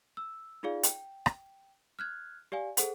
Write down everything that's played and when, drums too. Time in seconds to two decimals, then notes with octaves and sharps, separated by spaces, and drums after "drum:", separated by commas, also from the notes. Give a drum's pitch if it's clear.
0.17 E6
0.63 D#4 F4 G#4 D5 F5
0.83 G5, drum: hi-hat
1.26 drum: rim click
1.99 F6 F#6 G#6
2.52 G4 D5 F5 G#5
2.77 G#4 A4 C5 F#5, drum: hi-hat